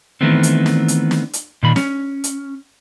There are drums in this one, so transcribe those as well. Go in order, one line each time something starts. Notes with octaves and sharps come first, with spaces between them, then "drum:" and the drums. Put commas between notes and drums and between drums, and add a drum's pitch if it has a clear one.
D#3 E3 A3 B3 C4
drum: hi-hat
drum: snare
drum: hi-hat
drum: snare
drum: hi-hat
A#2 D#3 B5
C#4, drum: snare
drum: hi-hat